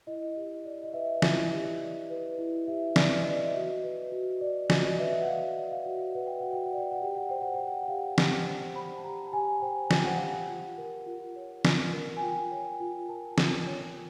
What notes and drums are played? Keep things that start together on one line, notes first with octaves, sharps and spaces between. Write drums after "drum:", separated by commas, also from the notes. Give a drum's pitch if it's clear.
E4 D#5
G4
D5
D#5
B4 E5
E4, drum: snare
G4
D5
B4
E4
G4 E5
D5, drum: snare
D5
D#5
B4 D5
E5
F#4 D#5
B4
F#4
D5
F#4 D#5, drum: snare
D5
D#5
B4 E5
F#5
F#4 F5
D5
F5
F#4 F#5
F5
B4 F#5
G5
F#4 F#5
G5
F#5
D5 G5
F#5
G4 G5
F#5
C5 G5
F#5
G5
C5
F#5
F#5
G4 F5
G4, drum: snare
A5
C5
C5 B5
A5
G4 A#5
A5
G4 G#5
C5 G5
C5, drum: snare
F#5
G4 F5
F#5
F4
A#4
F4
C#5
F4, drum: snare
A#4
G#5
F4 G5
C#5
F4
A#4 A5
F4, drum: snare
C#5